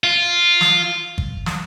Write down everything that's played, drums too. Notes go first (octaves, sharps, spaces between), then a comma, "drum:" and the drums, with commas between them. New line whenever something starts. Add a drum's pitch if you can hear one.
F4
drum: snare
drum: kick
drum: snare